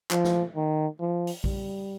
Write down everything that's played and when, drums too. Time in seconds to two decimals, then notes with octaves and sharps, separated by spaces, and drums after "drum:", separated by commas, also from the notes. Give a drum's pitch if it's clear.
0.11 F3, drum: clap
0.24 drum: snare
0.56 D#3
1.00 F3
1.27 drum: open hi-hat
1.44 G3, drum: kick A#1